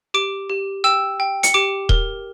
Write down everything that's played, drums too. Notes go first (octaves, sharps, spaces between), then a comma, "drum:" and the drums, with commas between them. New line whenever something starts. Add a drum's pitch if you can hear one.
G4 D6 D7
G4
G5 E6 E7
G5
C#7, drum: hi-hat
G4 D6 D7
A#4, drum: kick D#1